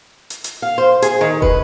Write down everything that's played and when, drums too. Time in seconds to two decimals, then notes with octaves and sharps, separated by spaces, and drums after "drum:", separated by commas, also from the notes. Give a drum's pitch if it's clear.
0.30 drum: hi-hat
0.44 drum: hi-hat
0.62 F5
0.78 C5
1.02 G#4, drum: hi-hat
1.21 D#3
1.42 B4, drum: kick